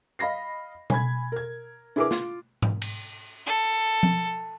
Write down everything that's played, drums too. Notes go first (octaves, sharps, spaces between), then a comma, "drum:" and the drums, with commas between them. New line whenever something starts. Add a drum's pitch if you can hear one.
D#5 F5 B5 A#6 C7
G#5 B5 G#6, drum: tom B2
A#4 G#6
D4 E4 G#4 A#4 B4 D6
F4, drum: snare
drum: tom G#2
drum: cymbal
A4
drum: tom F3